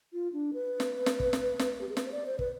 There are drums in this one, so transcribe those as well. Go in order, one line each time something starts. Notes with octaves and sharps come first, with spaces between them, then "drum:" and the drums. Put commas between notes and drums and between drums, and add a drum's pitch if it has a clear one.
F4
D4
B4
drum: snare
drum: snare
drum: kick
drum: snare
drum: snare
G4
G#4
B4, drum: snare
C5
D5
C5
B4, drum: kick